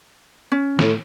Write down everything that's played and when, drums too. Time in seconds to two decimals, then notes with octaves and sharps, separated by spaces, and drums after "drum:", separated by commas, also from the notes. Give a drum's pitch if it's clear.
0.52 C#4
0.79 A2, drum: snare